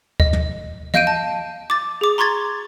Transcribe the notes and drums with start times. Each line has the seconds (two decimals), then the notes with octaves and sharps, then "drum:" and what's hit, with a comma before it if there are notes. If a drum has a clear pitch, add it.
0.20 D#5, drum: kick D2
0.33 drum: tom
0.94 D#5 F5 G6 D7 D#7, drum: tom
1.07 A5
1.70 D6 A6
2.01 G#4 D6
2.18 A#5 C6 C#6 G#6 A6